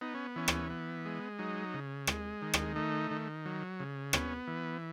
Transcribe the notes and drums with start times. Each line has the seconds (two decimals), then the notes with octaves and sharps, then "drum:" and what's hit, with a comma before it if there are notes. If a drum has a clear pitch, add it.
0.01 B3 D#4
0.15 C#4
0.36 E3 C#4
0.48 drum: rim click
0.70 B3
1.05 G#3
1.39 F#3 D#4
1.74 C#3
2.07 G#3, drum: rim click
2.42 D#3
2.54 drum: rim click
2.76 A3 D#4
3.11 D#3
3.46 F#3
3.80 C#3
4.13 B3 C#4, drum: rim click
4.47 E3